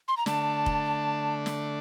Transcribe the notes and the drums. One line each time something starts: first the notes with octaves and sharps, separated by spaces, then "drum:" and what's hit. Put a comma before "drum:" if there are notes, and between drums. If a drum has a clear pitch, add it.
C6
A#5
D3 A3 D4 A5, drum: snare
drum: kick F1
drum: snare